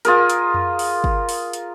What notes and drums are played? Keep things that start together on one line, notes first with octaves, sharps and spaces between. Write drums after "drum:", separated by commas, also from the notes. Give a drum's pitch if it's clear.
F4 G#4 A#4, drum: hi-hat
drum: hi-hat
drum: tom F2
drum: open hi-hat
drum: kick
drum: open hi-hat
drum: hi-hat